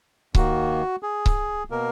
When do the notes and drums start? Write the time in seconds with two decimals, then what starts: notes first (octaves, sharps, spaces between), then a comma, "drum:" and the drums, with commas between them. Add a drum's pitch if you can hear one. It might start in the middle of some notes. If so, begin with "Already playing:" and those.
0.35 D#2 D#3 A#3 F#4, drum: kick C#1
1.03 G#4
1.26 drum: kick C#1
1.70 B2 A#3 A#4